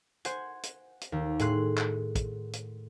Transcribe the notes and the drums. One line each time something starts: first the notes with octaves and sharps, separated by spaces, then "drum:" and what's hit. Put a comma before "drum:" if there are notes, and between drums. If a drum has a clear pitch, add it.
C5 F#5 G#5 G#6, drum: hi-hat
drum: hi-hat
drum: hi-hat
D#2
A2 G#4 C6 F#6, drum: hi-hat
drum: clap
drum: kick, hi-hat
drum: hi-hat